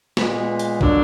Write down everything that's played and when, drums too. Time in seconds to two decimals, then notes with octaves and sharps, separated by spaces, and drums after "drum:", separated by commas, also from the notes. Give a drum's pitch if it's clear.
0.17 A#2 G#3 B3, drum: snare
0.25 A#3
0.32 B3
0.60 drum: hi-hat
0.81 D3 F#3 A#3 D4, drum: kick